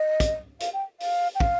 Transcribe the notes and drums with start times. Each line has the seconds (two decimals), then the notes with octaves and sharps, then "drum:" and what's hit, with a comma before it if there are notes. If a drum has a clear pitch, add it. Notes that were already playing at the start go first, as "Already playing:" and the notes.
Already playing: D#5
0.20 drum: kick, hi-hat
0.60 F5, drum: hi-hat
0.73 G5
1.00 F5, drum: open hi-hat
1.35 G5
1.40 F5, drum: kick